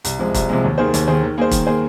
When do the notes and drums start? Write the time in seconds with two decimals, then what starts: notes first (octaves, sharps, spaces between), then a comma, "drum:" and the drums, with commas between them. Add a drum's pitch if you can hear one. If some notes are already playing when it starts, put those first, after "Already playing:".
0.04 C2, drum: hi-hat
0.19 C3 F3 G#3
0.34 C2, drum: kick E1, hi-hat
0.49 C3 F3 G#3
0.64 D#2
0.78 D#3 A#3 G#4 C5
0.94 D#2, drum: hi-hat
1.07 D#3 A#3 G#4 C5
1.23 D#3
1.38 A#3 G#4 C5
1.51 D#3, drum: kick E1, hi-hat
1.67 A#3 G#4 C5